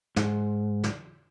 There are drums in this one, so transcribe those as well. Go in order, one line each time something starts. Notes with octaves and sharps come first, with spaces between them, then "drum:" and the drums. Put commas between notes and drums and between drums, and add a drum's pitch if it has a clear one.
G#2, drum: snare
drum: snare